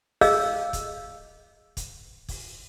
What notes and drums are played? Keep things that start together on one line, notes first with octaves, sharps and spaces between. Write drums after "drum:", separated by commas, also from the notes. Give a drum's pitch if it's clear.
G#4 D#5 F5 E6, drum: kick, open hi-hat
drum: kick, hi-hat
drum: kick, hi-hat
drum: kick, open hi-hat